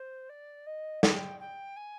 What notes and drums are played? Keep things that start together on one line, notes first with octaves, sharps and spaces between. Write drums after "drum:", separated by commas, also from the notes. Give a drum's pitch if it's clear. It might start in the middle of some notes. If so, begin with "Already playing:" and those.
Already playing: C5
D5
D#5
G5, drum: snare
G5
G#5